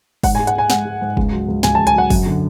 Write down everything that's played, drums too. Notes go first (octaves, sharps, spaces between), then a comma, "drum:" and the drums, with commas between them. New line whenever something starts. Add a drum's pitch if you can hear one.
G#2 F#5, drum: kick, open hi-hat
G#5
G#3
F#5, drum: hi-hat
G#3 G#5
G#3 F#5, drum: snare
G#3
G#2
C#2, drum: kick
F#3
C#2
C#2 G#5, drum: snare
A5
C#2
G#5, drum: hi-hat
F#3 F#5
F#2, drum: kick, open hi-hat
D3